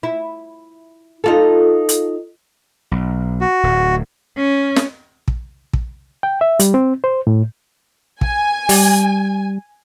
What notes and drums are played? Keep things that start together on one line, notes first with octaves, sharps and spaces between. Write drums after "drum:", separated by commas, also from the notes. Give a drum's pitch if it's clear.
E4
D#4 F4 A4
drum: hi-hat
B1
F#4
D1 A2
C#4
drum: snare
drum: kick
drum: kick
G5
E5
G3, drum: hi-hat
C4
C5
A2
G#5, drum: kick
G3, drum: open hi-hat